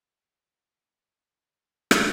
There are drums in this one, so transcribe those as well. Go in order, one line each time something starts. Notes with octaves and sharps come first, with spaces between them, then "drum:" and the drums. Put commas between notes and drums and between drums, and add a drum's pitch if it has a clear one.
C3 D5 C6 E6
drum: rim click